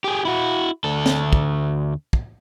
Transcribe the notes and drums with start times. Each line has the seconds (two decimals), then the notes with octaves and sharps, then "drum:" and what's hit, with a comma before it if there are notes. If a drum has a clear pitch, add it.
0.04 G4 G#4
0.25 E4 F#4
0.84 D2 A4
1.06 drum: snare
1.33 drum: kick
2.13 drum: kick